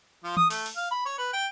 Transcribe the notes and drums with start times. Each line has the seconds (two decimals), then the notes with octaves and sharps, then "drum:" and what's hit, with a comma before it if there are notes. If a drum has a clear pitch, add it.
0.24 F3
0.37 D#6, drum: tom E3
0.51 A3, drum: open hi-hat
0.66 drum: open hi-hat
0.77 F5
0.91 B5
1.06 C#5
1.18 B4
1.33 G5